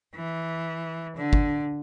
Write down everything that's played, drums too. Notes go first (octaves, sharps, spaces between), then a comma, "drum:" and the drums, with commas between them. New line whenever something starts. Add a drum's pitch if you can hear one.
E3
D3
drum: kick G1